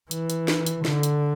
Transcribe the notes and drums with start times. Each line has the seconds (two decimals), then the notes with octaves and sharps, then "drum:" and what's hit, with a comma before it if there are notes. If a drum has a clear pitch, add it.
0.11 E3, drum: hi-hat
0.30 drum: hi-hat
0.48 drum: snare
0.66 drum: hi-hat
0.85 D3, drum: snare
1.03 drum: hi-hat